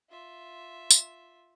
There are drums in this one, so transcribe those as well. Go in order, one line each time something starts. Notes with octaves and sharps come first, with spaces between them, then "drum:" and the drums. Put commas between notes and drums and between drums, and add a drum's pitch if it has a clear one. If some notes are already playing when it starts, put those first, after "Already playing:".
F4 E5
drum: tambourine